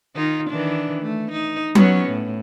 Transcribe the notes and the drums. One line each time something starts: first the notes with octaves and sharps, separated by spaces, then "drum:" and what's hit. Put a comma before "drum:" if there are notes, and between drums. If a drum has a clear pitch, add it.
D#3 D#4 F4
D#3 E3 D4
A3
D#4
F#3 B3 C#4, drum: tom F#3
A2